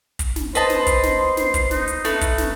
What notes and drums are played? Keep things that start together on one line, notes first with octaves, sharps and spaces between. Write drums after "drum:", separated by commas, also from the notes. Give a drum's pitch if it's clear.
drum: kick, hi-hat
drum: snare
B4 C5 D#5 A5 C6, drum: hi-hat
drum: snare
drum: kick, hi-hat
drum: snare
drum: snare
drum: kick, hi-hat
D#4, drum: snare
drum: hi-hat
A3 B4, drum: snare
drum: kick, hi-hat
drum: snare